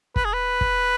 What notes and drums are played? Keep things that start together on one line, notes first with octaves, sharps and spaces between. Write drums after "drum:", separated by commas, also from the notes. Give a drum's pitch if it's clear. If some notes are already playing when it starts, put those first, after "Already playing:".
B4, drum: kick
G#4
B4
drum: kick